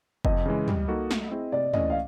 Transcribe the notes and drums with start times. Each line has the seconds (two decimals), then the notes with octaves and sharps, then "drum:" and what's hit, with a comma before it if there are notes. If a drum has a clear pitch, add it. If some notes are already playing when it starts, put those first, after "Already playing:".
0.25 F2 D#5, drum: kick
0.46 C#3 E3 G#3
0.68 G3, drum: tom
0.88 A#3 D#4 F#4 A4
1.11 A3, drum: snare
1.31 C4 E4 G#4
1.52 C3 D5
1.74 E3 A3 C#4 D#5, drum: tom
1.90 F5